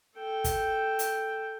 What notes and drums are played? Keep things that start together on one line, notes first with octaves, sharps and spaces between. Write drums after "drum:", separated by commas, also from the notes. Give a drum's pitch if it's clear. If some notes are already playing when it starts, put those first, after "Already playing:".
A4 G5
drum: kick, hi-hat
drum: hi-hat